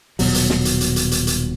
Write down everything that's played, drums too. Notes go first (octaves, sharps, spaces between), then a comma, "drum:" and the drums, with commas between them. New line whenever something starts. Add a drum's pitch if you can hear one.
D#1 C#2 B2 F#3, drum: open hi-hat
drum: hi-hat
drum: snare
drum: hi-hat
drum: hi-hat
drum: hi-hat
drum: hi-hat
drum: hi-hat